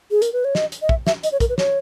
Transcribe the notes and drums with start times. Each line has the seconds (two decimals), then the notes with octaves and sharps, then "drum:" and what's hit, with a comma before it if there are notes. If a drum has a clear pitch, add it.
0.11 G#4
0.22 A#4, drum: hi-hat
0.33 B4
0.45 C#5
0.55 D#5, drum: snare
0.72 drum: hi-hat
0.82 D#5
0.89 E5, drum: kick
1.07 E5, drum: snare
1.23 D#5, drum: hi-hat
1.32 C#5
1.40 A#4, drum: kick, hi-hat
1.49 B4
1.58 C#5, drum: snare